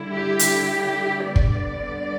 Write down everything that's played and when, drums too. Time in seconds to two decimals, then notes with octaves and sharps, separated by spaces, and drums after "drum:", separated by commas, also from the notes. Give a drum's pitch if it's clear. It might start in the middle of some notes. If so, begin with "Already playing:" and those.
Already playing: D3 G3 E4
0.13 G4
0.39 drum: hi-hat
1.26 D3 G3 B3 D5
1.36 drum: kick